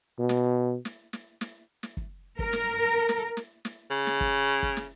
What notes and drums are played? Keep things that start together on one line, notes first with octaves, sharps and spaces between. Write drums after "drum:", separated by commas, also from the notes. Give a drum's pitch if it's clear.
B2
drum: snare
drum: snare
drum: snare
drum: snare
drum: snare
drum: kick
A#4, drum: kick
drum: snare
drum: snare
drum: snare
drum: snare
C#3
drum: snare
drum: kick
drum: kick
drum: snare